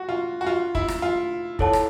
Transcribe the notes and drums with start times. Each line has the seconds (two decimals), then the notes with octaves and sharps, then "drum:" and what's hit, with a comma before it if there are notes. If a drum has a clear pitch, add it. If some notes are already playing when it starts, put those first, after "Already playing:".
Already playing: F#4
0.09 F4
0.41 F#4
0.47 F4
0.75 E4, drum: kick
0.88 drum: rim click
1.02 F4
1.59 E4 A4 C#5 F#5 A5, drum: kick
1.73 drum: rim click